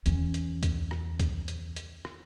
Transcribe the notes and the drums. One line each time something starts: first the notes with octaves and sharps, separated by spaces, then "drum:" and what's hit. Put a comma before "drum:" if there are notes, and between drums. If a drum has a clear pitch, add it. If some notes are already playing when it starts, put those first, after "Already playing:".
E2 C#4, drum: hi-hat
drum: hi-hat
drum: kick C#2, hi-hat
drum: rim click
drum: kick C#2, hi-hat
drum: hi-hat
drum: hi-hat
drum: rim click